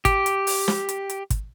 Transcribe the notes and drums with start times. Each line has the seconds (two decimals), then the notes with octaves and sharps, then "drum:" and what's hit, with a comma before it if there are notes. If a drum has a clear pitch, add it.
0.05 G4, drum: kick, hi-hat
0.26 drum: hi-hat
0.47 drum: open hi-hat
0.68 drum: snare
0.89 drum: hi-hat
1.10 drum: hi-hat
1.30 drum: kick, hi-hat